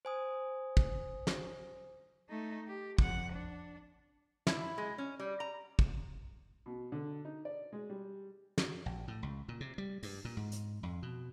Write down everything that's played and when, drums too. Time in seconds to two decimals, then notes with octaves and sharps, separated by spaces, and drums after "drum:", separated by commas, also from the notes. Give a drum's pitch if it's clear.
0.05 C5 G#5 D#6
0.77 drum: kick
1.27 drum: snare
2.29 A3 D#4
2.67 G4
2.98 F2 F#5, drum: kick
3.33 D4
4.47 E4, drum: snare
4.78 G#3
4.98 C#4
5.20 G3
5.40 A#5
5.79 drum: kick
6.66 B2
6.92 D3
7.25 D#4
7.45 D5
7.73 G#3
7.90 G3
8.58 drum: snare
8.86 A#1
9.08 A2
9.23 C#2
9.48 A#2
9.61 C3
9.78 G3
10.03 G2, drum: open hi-hat
10.25 A#2
10.37 G#2
10.52 drum: hi-hat
10.83 F2
11.02 B2